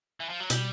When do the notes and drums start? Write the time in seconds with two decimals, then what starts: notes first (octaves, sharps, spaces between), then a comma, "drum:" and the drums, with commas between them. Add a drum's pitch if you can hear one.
0.20 E3
0.29 F3
0.40 F#3
0.50 B2 G3, drum: hi-hat